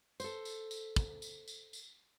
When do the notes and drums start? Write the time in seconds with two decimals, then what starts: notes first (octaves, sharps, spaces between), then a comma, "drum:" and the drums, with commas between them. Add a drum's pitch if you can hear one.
0.20 A4 C5, drum: tambourine
0.45 drum: tambourine
0.71 drum: tambourine
0.96 drum: kick, tambourine
1.22 drum: tambourine
1.48 drum: tambourine
1.73 drum: tambourine